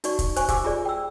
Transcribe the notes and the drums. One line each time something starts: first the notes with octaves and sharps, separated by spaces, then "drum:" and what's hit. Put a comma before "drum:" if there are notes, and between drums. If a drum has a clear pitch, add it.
D#4 F#4 D5 C#6, drum: hi-hat
drum: kick, hi-hat
C5 G#5 C#6, drum: hi-hat
G4 F#5 G#5 D6 E6, drum: kick, hi-hat
F4 G4 G#4 D5
G5 E6